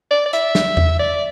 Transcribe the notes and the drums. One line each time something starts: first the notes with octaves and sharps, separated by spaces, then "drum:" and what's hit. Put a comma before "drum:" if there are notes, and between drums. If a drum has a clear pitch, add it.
D5
D5
E5, drum: hi-hat
drum: snare
drum: tom E2
D5